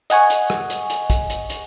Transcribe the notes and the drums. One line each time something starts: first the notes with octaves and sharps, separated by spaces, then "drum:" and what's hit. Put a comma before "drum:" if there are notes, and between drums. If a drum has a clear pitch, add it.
D#5 F#5 G#5 C#6, drum: hi-hat
drum: hi-hat
drum: rim click
drum: hi-hat
drum: hi-hat
drum: kick, hi-hat
drum: hi-hat
drum: hi-hat